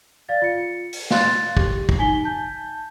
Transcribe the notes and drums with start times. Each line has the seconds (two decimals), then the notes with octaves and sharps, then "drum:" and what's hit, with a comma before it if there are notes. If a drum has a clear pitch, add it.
0.29 D5 F5 A6
0.42 F4 C#7
0.93 drum: open hi-hat
1.10 F5 C6 F#6 A6, drum: snare
1.57 G4, drum: kick
1.89 drum: kick
1.99 D#4 G#5 B6 G7
2.24 A5 G6